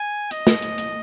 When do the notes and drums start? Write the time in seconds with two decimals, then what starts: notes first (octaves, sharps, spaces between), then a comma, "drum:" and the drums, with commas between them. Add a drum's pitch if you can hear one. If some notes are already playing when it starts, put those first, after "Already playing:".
Already playing: G#5
0.31 D#5, drum: hi-hat
0.47 drum: snare
0.62 drum: hi-hat
0.78 drum: hi-hat